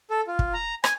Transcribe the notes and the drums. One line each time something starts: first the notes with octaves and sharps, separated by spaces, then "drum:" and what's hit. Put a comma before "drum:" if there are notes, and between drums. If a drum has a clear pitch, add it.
A4
F4
drum: kick
A#5
G#5, drum: rim click